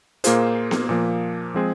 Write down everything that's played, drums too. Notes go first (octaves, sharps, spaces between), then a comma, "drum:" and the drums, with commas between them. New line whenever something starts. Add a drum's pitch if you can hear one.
A#2 A#3 F4 G#4 C5, drum: hi-hat
drum: snare B3
A#2 F3 A#3
F3 G#3 C4 G#4